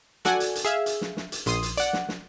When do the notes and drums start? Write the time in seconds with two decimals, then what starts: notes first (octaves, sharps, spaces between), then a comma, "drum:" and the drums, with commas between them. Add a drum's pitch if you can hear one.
0.25 F#4 A4 D5 F#5 G#5, drum: snare
0.40 drum: hi-hat
0.55 drum: hi-hat
0.65 G#4 E5 F5
0.86 drum: hi-hat
1.01 drum: snare
1.17 drum: snare
1.32 drum: hi-hat
1.46 A#1 C6 D#6, drum: hi-hat
1.63 drum: hi-hat
1.77 D5 F#5, drum: hi-hat
1.93 drum: snare
2.09 drum: snare